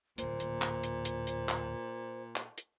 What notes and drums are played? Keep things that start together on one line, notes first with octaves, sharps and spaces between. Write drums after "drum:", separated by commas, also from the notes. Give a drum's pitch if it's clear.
D1 A#2 A#3 C5, drum: hi-hat
drum: hi-hat
drum: clap
drum: hi-hat
drum: hi-hat
drum: hi-hat
drum: clap
drum: clap
drum: hi-hat